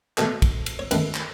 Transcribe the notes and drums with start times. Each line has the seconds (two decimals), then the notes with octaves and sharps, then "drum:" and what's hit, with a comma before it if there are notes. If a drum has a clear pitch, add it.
0.18 B2 A3 A4, drum: clap
0.42 drum: kick, cymbal
0.66 drum: cymbal
0.79 C#5
0.91 F#2 D#3 A3 B4, drum: cymbal
1.15 drum: clap